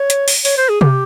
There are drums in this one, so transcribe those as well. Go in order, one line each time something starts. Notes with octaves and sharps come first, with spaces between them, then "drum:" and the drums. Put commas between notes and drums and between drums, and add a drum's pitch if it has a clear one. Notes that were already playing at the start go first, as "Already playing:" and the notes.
Already playing: C#5
drum: hi-hat
drum: open hi-hat
C#5, drum: open hi-hat
C5
G#4
G4, drum: tom C3